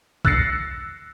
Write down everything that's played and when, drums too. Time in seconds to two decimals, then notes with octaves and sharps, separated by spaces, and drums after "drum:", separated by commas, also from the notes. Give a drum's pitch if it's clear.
0.25 E6 F#6 A6 A#6 C7 C#7, drum: kick B1